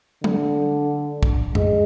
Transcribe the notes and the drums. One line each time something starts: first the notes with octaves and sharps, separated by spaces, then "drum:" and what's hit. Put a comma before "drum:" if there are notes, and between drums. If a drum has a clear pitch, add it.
D3, drum: tom
drum: kick
G#3, drum: tom F2